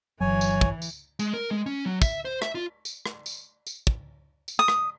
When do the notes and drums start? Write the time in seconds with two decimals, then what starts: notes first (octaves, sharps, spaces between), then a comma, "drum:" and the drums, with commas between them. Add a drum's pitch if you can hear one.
0.21 G1 E3 F#3 C#5 G#5
0.41 drum: tambourine
0.61 drum: kick
0.82 drum: tambourine
1.19 G#3, drum: tambourine
1.33 A#4
1.51 G#3
1.66 C#4
1.86 F#3
2.02 E5, drum: kick, tambourine
2.25 C5
2.42 E5, drum: rim click
2.55 F4
2.85 drum: tambourine
3.06 drum: rim click
3.26 drum: tambourine
3.67 drum: tambourine
3.87 drum: kick
4.48 drum: tambourine
4.59 D#6
4.68 drum: rim click